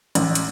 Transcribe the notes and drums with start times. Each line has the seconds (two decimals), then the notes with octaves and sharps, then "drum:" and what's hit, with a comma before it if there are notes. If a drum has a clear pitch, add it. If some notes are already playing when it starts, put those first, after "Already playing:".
0.15 A1, drum: hi-hat
0.35 drum: hi-hat